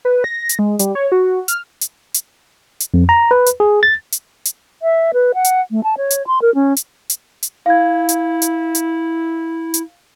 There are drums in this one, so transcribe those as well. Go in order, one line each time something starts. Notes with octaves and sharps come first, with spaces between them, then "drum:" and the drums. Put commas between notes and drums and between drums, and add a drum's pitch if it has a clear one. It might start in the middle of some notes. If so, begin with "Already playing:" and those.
B4
A#6
drum: hi-hat
G#3
G3, drum: hi-hat
C#5
F#4
F6, drum: hi-hat
drum: hi-hat
drum: hi-hat
drum: hi-hat
F2
A#5
B4
drum: hi-hat
G#4
A6
drum: hi-hat
drum: hi-hat
E5
B4
F#5
drum: hi-hat
A3
A5
C#5
drum: hi-hat
C6
A#4
C#4
drum: hi-hat
drum: hi-hat
drum: hi-hat
E4 F5 G#6
drum: hi-hat
drum: hi-hat
drum: hi-hat
drum: hi-hat